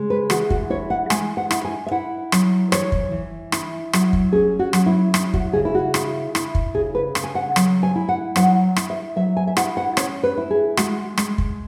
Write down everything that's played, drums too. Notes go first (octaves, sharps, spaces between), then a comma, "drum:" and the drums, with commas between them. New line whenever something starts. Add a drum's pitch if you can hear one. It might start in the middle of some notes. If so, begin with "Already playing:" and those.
Already playing: C#3 G#3
B4
E3 F#4, drum: rim click
F#4, drum: kick
E4 C#5
F#5
G#3 G#5, drum: rim click
F#5
E4, drum: rim click
G#5
E5
E4 F#5
F#3, drum: rim click
E3 C#5, drum: rim click
drum: kick
E3
E4, drum: rim click
F#3, drum: rim click
drum: kick
C#4 G#4
F#4
F#3, drum: rim click
E4
E4, drum: rim click
F#4, drum: kick
C#3 G#4
E4
F#4
E4, drum: rim click
E4, drum: rim click
drum: kick
C#3 G#4
B4
C#3, drum: rim click
G#5
F#5
F#3, drum: rim click
G#5
E4
F#5
F#3 F#5, drum: rim click
E4, drum: rim click
E5
F#3 E5
G#5
E5
E4 F#5, drum: rim click
F#5
C#4 C#5, drum: rim click
B4
E4
G#4
G#3 F#4, drum: rim click
G#3, drum: rim click
drum: kick